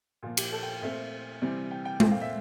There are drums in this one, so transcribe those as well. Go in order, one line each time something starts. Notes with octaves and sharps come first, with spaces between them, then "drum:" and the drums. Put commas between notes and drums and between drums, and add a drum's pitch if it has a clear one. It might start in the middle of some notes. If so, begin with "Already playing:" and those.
A#2 F3 A#3 F4
G4, drum: cymbal
A4
G5
A#2 A3 C4 E5
C3 E3 G3 C4
G5
G5
A#2 A3 C4 G5, drum: tom G#3
F5
E5